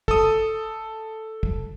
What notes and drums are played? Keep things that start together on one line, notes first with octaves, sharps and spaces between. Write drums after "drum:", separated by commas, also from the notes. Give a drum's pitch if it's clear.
A4 D#6, drum: kick
drum: kick